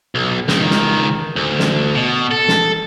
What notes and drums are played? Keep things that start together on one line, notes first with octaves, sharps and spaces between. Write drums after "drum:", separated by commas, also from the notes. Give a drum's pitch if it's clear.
B1
C#2 D#3, drum: snare
drum: snare
D2
drum: snare
B2
A4
drum: snare